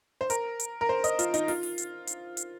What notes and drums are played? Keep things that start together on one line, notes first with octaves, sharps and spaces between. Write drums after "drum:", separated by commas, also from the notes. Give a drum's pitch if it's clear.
C5
A#4, drum: hi-hat
drum: hi-hat
A#4
C5
D#5, drum: hi-hat
F4, drum: hi-hat
D#4, drum: hi-hat
F4, drum: open hi-hat
drum: open hi-hat
drum: hi-hat
drum: hi-hat
drum: hi-hat